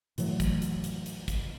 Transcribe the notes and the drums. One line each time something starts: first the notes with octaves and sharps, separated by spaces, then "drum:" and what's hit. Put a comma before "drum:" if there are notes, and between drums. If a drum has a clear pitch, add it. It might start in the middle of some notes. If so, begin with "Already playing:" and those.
A2 E3 F#3 A3, drum: hi-hat
drum: kick, hi-hat
drum: hi-hat
drum: hi-hat
drum: hi-hat
drum: kick, hi-hat